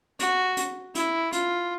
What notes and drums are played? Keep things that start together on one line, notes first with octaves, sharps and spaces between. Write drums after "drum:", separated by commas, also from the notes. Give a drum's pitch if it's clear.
F#4, drum: hi-hat
drum: hi-hat
E4, drum: hi-hat
F4, drum: hi-hat